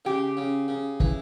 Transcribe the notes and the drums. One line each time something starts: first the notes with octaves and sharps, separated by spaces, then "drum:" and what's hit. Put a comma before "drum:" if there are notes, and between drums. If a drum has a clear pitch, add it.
C#3 G4
C#3
C#3
E3, drum: kick